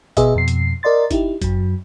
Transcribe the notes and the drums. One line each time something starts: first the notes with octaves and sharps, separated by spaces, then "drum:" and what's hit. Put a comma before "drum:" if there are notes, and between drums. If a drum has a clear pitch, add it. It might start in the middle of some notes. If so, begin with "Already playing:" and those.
B2 G#4 B4 D#5 E5, drum: kick, hi-hat
F2 B2 C7
drum: hi-hat
A#4 D5 D#5 C6 A6
D#4 E4 G4, drum: kick, hi-hat
F#2 F#3, drum: kick, hi-hat